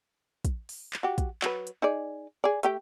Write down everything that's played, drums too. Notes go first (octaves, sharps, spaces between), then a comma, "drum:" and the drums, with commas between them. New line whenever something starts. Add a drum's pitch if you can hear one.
drum: kick, hi-hat
drum: open hi-hat
drum: clap
F#4 G4
drum: kick, hi-hat
F#3 B4, drum: clap
drum: hi-hat
D#4 G#4 D5
G#4 D5
A3 G4 G5, drum: hi-hat